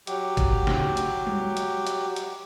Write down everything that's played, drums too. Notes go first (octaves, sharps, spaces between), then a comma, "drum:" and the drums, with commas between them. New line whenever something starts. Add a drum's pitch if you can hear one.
F#3 G4, drum: hi-hat
drum: kick, hi-hat
drum: snare
drum: hi-hat
drum: tom G3
drum: hi-hat
drum: hi-hat
drum: hi-hat